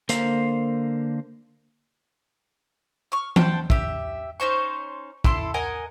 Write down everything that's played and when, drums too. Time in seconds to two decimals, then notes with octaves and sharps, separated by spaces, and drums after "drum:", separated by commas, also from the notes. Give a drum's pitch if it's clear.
0.09 D3 A#3 C5 F5 A#5, drum: hi-hat
3.12 C#6 F6
3.36 C5 F#5 G5 A5, drum: tom E3
3.70 G4 E5, drum: kick
4.40 C#4 D#4 C5 C#6
5.24 E4 A4 C6, drum: kick
5.54 A#4 D#5 F#5 G#5